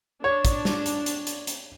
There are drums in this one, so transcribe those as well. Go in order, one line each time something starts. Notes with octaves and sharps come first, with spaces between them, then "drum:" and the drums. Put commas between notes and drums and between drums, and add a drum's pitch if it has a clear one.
D4 C#5
drum: kick, hi-hat
drum: snare
drum: hi-hat
drum: hi-hat
drum: hi-hat
drum: hi-hat